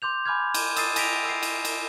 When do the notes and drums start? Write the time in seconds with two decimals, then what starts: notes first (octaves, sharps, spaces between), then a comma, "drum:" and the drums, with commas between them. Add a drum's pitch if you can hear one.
0.02 C6 D6 G6 F7
0.25 G#5 B5 D6 F6 G6 G#6
0.54 drum: cymbal
0.76 D#6 E6 A6 C7 D#7, drum: cymbal
0.96 G#5 A#6 B6 D7 F7, drum: cymbal
1.25 E6 C7
1.43 drum: cymbal
1.65 drum: cymbal